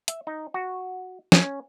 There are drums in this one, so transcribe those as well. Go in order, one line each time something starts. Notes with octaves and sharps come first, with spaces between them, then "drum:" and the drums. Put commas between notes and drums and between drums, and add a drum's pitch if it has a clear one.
E5, drum: hi-hat
D#4
F#4
C#4, drum: snare